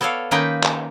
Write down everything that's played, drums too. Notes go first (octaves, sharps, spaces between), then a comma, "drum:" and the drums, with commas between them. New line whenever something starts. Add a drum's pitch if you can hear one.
B3 A4 C#5 D5 F5
D#3 A#3 C#4 D#4 B4 G5
drum: clap